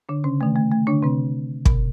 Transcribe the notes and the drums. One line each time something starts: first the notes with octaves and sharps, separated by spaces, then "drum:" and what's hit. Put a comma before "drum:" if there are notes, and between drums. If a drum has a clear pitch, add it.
D3 D4
C#3 C#4
C3 D#3 A3
A3
A3
D3 D4
C3 C4
B2, drum: kick